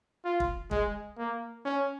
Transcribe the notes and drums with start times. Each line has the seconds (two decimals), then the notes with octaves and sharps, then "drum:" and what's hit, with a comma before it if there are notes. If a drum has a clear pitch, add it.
0.25 F4
0.40 drum: kick
0.71 G#3, drum: kick
1.18 A#3
1.65 C#4